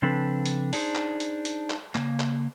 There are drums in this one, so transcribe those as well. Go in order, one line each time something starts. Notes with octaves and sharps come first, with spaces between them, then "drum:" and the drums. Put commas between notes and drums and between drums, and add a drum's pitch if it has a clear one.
C#3 F3 C4 D4 A4 B4
drum: hi-hat
D4 D#4 G#4 C5, drum: open hi-hat
drum: clap
drum: hi-hat
drum: hi-hat
drum: clap
C#3 A#3, drum: clap
drum: clap